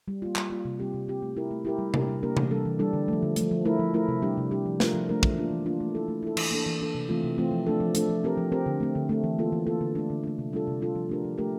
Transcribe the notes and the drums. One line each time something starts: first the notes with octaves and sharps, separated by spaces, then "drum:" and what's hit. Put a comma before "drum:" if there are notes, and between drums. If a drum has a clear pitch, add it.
G3
A#3 F4
G3, drum: clap
A#3 F4
C3
G3 C4 G4
C3
G3 C4 G4
A3
E4 G4 A#4
A3
E4 G4 A#4
G3
A#3 D4 G4 A#4, drum: tom C3
G3
A#3 D4 G4 A#4
E3, drum: tom C3
G3 D4 A4
E3
G3 D4 A4
D3
F3 A3
D3
F3 A3, drum: hi-hat
F3
A3 E4 A#4
F3
A3 E4 A#4
C3
G3 D4 G4
C3
G3 D4 G4
F3
A3 D4 F4 A#4, drum: snare
F3
A3 D4 F4 A#4
E3, drum: kick
A#3 D4 F4
E3
A#3 D4 F4
A3
E4 A4
A3
E4 A4
E3, drum: cymbal
A#3 D4 A4
E3
A#3 D4 A4
C3
E3 A3 C4 F4
C3
E3 A3 C4 F4
F3
A3 D4 A4
F3
A3 D4 A4, drum: hi-hat
F3
C4 G4 A#4
F3
C4 G4 A#4
D3
A3 C4
D3
A3 C4
E3
A#3 F4 A4
E3
A#3 F4 A4
D3
A3 D4
D3
A3 D4
C3
G3 D4 F4 A4
C3
G3 D4 F4 A4
F3
A3 D4 G4 A#4
F3
A3 D4 G4 A#4